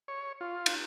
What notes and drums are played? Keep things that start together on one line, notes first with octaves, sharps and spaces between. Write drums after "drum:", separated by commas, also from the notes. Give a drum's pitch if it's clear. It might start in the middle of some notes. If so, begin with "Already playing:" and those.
C#5
F4
drum: cymbal